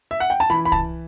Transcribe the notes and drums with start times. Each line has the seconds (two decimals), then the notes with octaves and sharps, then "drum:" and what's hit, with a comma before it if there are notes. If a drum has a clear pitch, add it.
0.11 E5
0.20 F#5
0.30 G5
0.40 A5
0.50 E3 B5
0.65 B5
0.72 A5, drum: kick C2